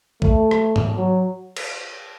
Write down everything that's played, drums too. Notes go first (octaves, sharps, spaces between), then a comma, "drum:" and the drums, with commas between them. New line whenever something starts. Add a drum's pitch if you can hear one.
A3, drum: kick
drum: rim click
drum: tom G#2
F#3
drum: cymbal